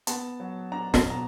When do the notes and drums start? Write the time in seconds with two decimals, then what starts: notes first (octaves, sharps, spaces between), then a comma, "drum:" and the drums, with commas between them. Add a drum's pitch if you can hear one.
0.07 B3 A5, drum: hi-hat
0.40 F#3
0.72 D4 A#5
0.94 A5, drum: snare
1.05 B2 A#5